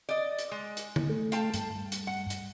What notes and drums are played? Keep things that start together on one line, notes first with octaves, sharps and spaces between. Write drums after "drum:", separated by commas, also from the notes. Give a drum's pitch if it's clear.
D5 D#5
drum: hi-hat
G#3
drum: hi-hat
drum: tom D3
A3
F5 G5 A5, drum: hi-hat
G2, drum: hi-hat
drum: hi-hat
F#5
drum: hi-hat